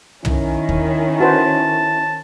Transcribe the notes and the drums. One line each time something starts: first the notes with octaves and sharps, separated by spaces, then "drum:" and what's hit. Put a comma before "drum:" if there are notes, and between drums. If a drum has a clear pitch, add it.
D#3 C#4 E4, drum: tom
drum: kick D#2
F#4 B4 C5 A5